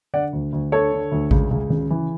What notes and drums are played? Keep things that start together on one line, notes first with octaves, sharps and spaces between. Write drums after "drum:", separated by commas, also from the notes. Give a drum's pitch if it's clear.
D3 D5 F#5
D2
D2
D3 A4 C#5
D3
D2
C#2, drum: kick A1
C#2
C#3, drum: tom D#3
E3